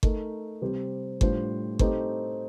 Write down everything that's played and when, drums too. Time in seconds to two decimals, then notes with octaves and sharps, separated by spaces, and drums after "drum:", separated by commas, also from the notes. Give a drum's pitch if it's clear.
0.03 A3 D#4 A#4, drum: kick G1
0.61 C3 G3 C4 G4 C5
1.21 A2 G3 D4 F4 C5, drum: kick G1
1.79 A3 C4 D#4 G4, drum: kick G1